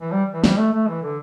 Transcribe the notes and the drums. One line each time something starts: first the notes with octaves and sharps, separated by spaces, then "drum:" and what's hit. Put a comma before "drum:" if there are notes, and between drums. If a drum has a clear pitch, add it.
E3
G3
E3
G3, drum: snare
A3
A3
E3
D3